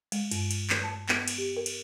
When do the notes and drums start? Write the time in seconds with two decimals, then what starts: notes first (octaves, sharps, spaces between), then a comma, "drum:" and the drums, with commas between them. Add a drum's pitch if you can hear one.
0.12 G#3, drum: cymbal
0.31 G2, drum: cymbal
0.51 drum: cymbal
0.70 drum: clap
0.83 A5
1.09 B3, drum: clap
1.28 drum: cymbal
1.38 G4
1.57 A#4
1.66 drum: cymbal